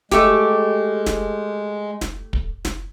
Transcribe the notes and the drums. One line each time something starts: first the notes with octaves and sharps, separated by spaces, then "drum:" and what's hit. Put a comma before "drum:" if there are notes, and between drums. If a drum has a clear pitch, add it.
G#3 A3 G4, drum: snare
drum: snare
drum: snare
drum: kick
drum: snare